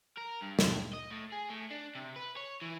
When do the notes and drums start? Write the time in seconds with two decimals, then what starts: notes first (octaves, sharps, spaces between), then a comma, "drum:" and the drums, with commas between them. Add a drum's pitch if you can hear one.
0.18 A#4
0.42 G2
0.59 drum: snare
0.93 D#5
1.10 A2
1.32 G#4
1.50 A2
1.70 D4
1.95 C3
2.16 B4
2.37 C#5
2.62 E3